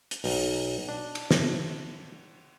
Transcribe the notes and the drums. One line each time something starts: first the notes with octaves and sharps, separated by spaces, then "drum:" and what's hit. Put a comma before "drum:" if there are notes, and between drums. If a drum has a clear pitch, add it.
drum: hi-hat
B1, drum: open hi-hat
D4
drum: cymbal
drum: snare